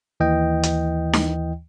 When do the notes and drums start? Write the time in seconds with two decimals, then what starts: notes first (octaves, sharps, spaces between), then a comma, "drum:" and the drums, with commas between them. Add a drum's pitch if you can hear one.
0.20 D#2 E3 D#5 G5
0.63 drum: hi-hat
1.13 drum: snare D#4